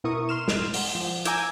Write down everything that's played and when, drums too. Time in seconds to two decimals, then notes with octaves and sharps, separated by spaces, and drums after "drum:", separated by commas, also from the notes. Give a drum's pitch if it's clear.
0.04 B2 E4 A#4 C#6 D#6
0.29 C6 F6 E7
0.48 drum: snare
0.74 drum: open hi-hat
0.95 F3
1.25 G#5 A#5 D6 E6 G6 G#6, drum: hi-hat